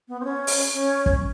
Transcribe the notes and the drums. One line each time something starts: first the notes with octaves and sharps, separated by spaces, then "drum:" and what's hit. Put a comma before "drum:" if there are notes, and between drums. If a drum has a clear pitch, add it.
B3
C4
C#4
drum: open hi-hat
C#4
drum: kick